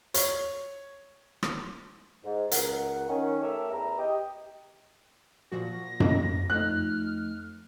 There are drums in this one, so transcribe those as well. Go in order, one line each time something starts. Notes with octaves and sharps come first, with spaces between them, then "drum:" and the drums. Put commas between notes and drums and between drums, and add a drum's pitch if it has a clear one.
C#5, drum: hi-hat
drum: rim click
G#2
C#2 A#4 F#5, drum: hi-hat
D#3 C#4
A3 G4 A4 A#4 E5
E2 E4 A#5
G4 D#5 G5
A#2 F3 F#4 A#6
drum: tom F#2
F2 F3 A3 D#4 F6 F#6